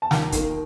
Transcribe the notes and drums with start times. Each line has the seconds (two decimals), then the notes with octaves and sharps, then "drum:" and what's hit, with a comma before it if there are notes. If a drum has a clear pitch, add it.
0.02 A5
0.11 D#2 G5 A#5, drum: snare
0.32 D#3 A#3, drum: kick, hi-hat